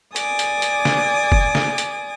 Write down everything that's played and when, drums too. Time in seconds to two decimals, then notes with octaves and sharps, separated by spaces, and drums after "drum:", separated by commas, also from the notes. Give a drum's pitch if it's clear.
0.16 D5 G#5 D6 D#6, drum: hi-hat
0.39 drum: hi-hat
0.62 drum: hi-hat
0.85 drum: snare
1.32 drum: kick F1
1.55 drum: snare
1.78 drum: hi-hat